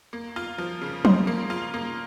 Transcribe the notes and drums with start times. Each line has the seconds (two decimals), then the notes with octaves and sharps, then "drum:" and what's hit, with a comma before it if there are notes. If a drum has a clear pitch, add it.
0.13 A#3
0.36 F4
0.58 F3
0.81 C#3
1.05 C5, drum: tom F3
1.27 A#3
1.50 F4
1.74 A#3